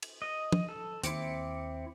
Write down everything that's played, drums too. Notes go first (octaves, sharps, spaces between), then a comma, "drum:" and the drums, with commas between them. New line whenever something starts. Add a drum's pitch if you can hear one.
drum: cymbal
D#5
drum: tom
A4
D#2 C4 E4 D6 C#7, drum: hi-hat